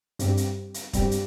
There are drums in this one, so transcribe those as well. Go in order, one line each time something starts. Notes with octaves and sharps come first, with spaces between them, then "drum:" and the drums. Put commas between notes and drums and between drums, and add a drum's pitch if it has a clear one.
G2 G3 C4 G4, drum: hi-hat
drum: hi-hat
drum: hi-hat
G2 G3 C4 G4, drum: kick, hi-hat
drum: hi-hat